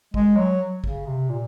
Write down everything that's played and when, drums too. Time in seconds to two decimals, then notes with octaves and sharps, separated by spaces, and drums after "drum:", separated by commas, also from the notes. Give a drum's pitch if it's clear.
0.14 G#3, drum: kick
0.37 F#3
0.84 C#3, drum: kick
1.07 C3
1.30 A#2